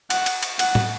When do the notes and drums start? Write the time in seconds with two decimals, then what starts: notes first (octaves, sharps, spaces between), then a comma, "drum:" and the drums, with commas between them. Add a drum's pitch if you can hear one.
0.10 F#5, drum: cymbal
0.26 drum: cymbal
0.43 drum: cymbal
0.59 F#5, drum: cymbal
0.75 drum: tom A2